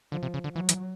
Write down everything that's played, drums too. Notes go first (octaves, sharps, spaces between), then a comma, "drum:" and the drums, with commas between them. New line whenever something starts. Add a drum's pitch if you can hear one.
D3 F3
C3
C#3
D3
E3 F#3
E3, drum: hi-hat